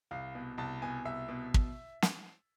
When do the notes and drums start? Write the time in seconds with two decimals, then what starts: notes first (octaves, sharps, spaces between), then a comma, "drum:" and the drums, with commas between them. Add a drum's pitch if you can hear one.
0.11 C2 F5
0.35 B2
0.58 C2 A5
0.82 B2 G#5
1.05 C2 E5
1.29 B2
1.54 drum: kick
2.02 drum: snare